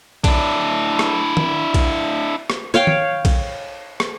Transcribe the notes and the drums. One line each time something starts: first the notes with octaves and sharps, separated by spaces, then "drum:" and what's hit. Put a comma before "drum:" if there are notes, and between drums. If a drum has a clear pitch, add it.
D4 E4, drum: kick B1, cymbal
drum: rim click
drum: tom D#3
drum: kick B1, cymbal
drum: rim click
C#5 F5 G5
drum: tom D#3
drum: kick B1, cymbal
drum: rim click